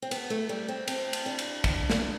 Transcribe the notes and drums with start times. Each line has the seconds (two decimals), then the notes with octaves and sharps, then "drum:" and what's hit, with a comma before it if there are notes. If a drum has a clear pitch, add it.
0.02 C4
0.11 B3, drum: cymbal
0.30 A3
0.49 G3
0.68 C4
0.88 C4, drum: cymbal
1.13 drum: cymbal
1.26 D4
1.39 drum: cymbal
1.64 drum: kick, cymbal
1.90 drum: snare